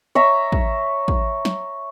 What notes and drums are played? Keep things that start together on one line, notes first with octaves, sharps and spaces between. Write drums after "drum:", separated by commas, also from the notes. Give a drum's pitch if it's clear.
C#5 E5 A#5
drum: kick
drum: kick
drum: snare